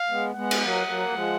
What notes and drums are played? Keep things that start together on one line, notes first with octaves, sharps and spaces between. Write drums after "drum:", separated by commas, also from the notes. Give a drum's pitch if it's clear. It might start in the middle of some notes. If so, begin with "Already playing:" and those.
Already playing: F5
G#3 B3
G#3 B3 F#5
drum: cymbal
F#3 A#3
F#3 A#3
F#3
F3 G#3